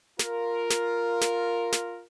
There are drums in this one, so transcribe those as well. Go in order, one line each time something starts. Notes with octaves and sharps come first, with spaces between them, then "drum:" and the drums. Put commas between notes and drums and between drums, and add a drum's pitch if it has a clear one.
F4 A#4, drum: snare
drum: snare
drum: snare
drum: snare